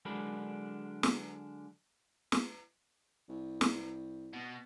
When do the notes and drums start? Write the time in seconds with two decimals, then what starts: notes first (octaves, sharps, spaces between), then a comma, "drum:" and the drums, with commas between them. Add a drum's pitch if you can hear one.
0.05 D3 F#3 G#3 D4 A#4 B5
1.03 drum: snare
2.32 drum: snare
3.29 C2
3.61 drum: snare
4.33 B2